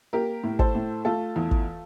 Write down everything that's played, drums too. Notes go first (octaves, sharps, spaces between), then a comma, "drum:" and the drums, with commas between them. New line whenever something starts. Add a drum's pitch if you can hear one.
A#3 G4 A#4
A2
A4 C5, drum: kick
A2
A3 F4 A4
E2
drum: kick